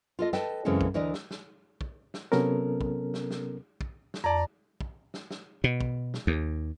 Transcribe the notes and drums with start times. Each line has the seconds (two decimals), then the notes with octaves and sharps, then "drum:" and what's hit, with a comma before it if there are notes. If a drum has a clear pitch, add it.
0.19 F4 A4 D#5
0.33 A4 B4 D#5 G5 A5, drum: snare
0.65 F#2 C#3 E3 G#3 C4 A4
0.81 drum: kick
0.94 D2 E3 D4 A#4 D#5
1.14 drum: snare
1.31 drum: snare
1.81 drum: kick
2.14 drum: snare
2.32 C3 F#3 B3 C#4 A4 A#4, drum: snare
2.81 drum: kick
3.14 drum: snare
3.31 drum: snare
3.81 drum: kick
4.14 drum: snare
4.24 F2 D5 A5 A#5
4.81 drum: kick
5.14 drum: snare
5.31 drum: snare
5.64 B2
5.81 drum: kick
6.14 drum: snare
6.27 D#2